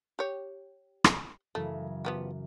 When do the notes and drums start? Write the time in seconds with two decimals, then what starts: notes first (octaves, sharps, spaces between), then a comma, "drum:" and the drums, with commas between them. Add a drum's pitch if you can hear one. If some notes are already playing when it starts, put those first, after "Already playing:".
0.19 G4 C#5
1.04 drum: rim click
1.55 F#2 C#3 E3 A3
2.05 F3 B3 G4